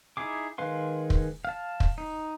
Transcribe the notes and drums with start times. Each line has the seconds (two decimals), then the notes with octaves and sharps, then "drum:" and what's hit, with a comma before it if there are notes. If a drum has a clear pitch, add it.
0.17 D#4 E4 G#4 D6
0.58 D#3 G#3 B4 F5 C6
1.10 drum: kick
1.45 F5 A5
1.80 drum: kick
1.98 D#4